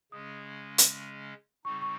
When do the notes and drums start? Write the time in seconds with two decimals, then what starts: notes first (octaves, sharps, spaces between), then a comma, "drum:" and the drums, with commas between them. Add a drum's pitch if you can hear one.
0.12 C#3 G#3 C#4 D#6
0.78 drum: hi-hat
1.64 C#3 G3 C4 D#4 C#6
1.82 C#6